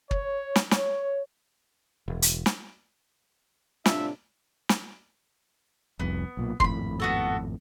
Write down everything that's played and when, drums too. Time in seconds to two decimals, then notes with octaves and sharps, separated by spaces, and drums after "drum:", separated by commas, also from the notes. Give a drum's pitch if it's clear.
0.11 C#5, drum: kick
0.56 drum: snare
0.71 C#5, drum: snare
2.08 E1
2.22 drum: hi-hat
2.46 drum: snare
3.86 A2 C3 D4 F4 E5, drum: snare
4.69 drum: snare
6.00 F1 C2 F2 B3
6.37 B1 A#2
6.60 G#1 F2 A2 B5 C6, drum: kick
7.00 B3 F#4 A4